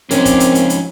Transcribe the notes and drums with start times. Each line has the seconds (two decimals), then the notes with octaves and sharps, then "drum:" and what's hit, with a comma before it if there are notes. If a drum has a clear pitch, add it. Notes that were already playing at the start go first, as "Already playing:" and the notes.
0.11 F3 G#3 C4 C#4 D#4 A#4 D6, drum: hi-hat
0.25 drum: kick, hi-hat
0.40 drum: hi-hat
0.55 drum: hi-hat
0.70 drum: hi-hat